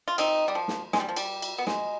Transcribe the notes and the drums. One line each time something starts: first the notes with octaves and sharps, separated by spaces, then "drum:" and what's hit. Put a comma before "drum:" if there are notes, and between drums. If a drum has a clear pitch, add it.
F4
C4 D#4, drum: cymbal
G3
F3
drum: snare
G#3, drum: snare
G3
F3
G3, drum: cymbal
drum: cymbal
B3
G#3, drum: snare